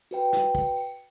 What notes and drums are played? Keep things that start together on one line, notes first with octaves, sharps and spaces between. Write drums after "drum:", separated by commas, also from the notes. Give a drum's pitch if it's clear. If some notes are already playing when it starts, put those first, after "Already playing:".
F#4 B4 G5, drum: tambourine
drum: snare
drum: kick, tambourine
drum: tambourine